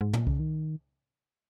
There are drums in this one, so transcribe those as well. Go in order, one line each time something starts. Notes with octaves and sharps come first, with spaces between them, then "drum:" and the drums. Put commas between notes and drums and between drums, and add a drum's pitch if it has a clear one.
G#2
A#2, drum: tom
C#3, drum: kick C2
D#3